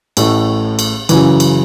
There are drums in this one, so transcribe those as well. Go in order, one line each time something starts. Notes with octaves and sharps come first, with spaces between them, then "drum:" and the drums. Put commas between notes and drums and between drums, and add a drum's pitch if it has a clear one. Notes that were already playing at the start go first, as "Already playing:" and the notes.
A1 A2 A3, drum: cymbal
drum: cymbal
F#2 C#3 E3, drum: cymbal
drum: cymbal